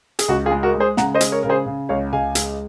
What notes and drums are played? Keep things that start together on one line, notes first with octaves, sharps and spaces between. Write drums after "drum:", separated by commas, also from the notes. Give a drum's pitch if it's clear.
G#4, drum: hi-hat
C#2 F#4
F4 G#4
G#3
F#4 A#4
G#3
G#4 C5
C#3 F#5 A#5, drum: snare
C5 D#5
G#3, drum: hi-hat
A#4 C#5
C#3 A#4
G#4 C5
C#3
C#2 C#5 F5
C#2 F5 G#5
G#3, drum: hi-hat